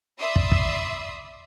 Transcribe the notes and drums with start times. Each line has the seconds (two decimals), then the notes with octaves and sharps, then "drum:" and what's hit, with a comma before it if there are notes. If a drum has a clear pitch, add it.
0.20 D5 E5 B5 C6 D#6 E6
0.36 drum: kick
0.52 drum: kick